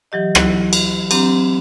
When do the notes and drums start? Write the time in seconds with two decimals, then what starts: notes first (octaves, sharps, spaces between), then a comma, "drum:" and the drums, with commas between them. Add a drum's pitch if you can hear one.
0.12 E3 F#3 G4 D#5
0.35 F#3 E4 F#6, drum: rim click
0.73 drum: cymbal
1.11 F#3 C4 D4 G4 A#5, drum: cymbal